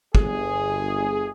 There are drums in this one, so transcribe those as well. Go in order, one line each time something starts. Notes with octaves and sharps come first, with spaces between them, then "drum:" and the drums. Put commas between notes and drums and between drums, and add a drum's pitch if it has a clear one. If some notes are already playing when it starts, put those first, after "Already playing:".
G1 G#4, drum: kick